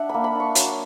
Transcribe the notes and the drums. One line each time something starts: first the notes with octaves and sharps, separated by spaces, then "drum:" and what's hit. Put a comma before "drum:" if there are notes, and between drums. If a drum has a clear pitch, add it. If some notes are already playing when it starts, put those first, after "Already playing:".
Already playing: D4 E5 F#5
A#3 B5
B5
D4 C#6
F#3, drum: hi-hat